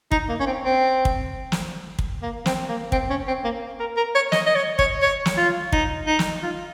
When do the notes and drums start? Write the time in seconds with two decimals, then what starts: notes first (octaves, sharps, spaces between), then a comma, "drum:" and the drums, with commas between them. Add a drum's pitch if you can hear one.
0.12 D#4, drum: kick
0.29 A#3
0.40 C#4
0.47 C4
0.64 C4
1.05 drum: kick
1.52 drum: snare
1.99 drum: kick
2.22 A#3
2.46 C4, drum: snare
2.69 A#3
2.92 C4, drum: kick
3.10 C#4
3.27 C4
3.44 A#3
3.80 A#4
3.97 A#4
4.15 C#5
4.32 D#5, drum: snare
4.46 D#5
4.55 C#5
4.79 C#5, drum: kick
5.02 C#5
5.26 drum: snare
5.37 F4
5.72 D#4, drum: kick
6.07 D#4
6.19 drum: snare
6.43 F4